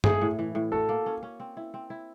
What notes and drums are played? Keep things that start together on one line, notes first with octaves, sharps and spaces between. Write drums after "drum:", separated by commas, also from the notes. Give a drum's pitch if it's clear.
A3 G#4, drum: tom G2
A2
E3
A2
F#4 A4
A#3
C#4
C#4
C4
E4
C4
E4